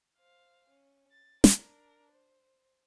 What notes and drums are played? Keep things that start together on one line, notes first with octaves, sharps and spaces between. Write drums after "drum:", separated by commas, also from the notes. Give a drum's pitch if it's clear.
C5 F5
C#4
A6
D4 A#4, drum: snare
C5